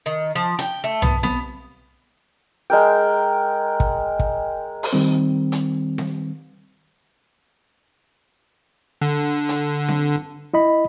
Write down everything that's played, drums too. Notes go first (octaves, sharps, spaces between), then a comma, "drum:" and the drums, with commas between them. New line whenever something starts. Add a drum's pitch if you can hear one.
D#3
F3
G5, drum: hi-hat
A3
B3, drum: tom
B3, drum: snare C4
G#3 A#4 G5
drum: kick
drum: kick
drum: open hi-hat
D#3 G3 C4
drum: hi-hat
drum: snare C4
D3
drum: hi-hat
drum: snare C4
E4 D#5 B5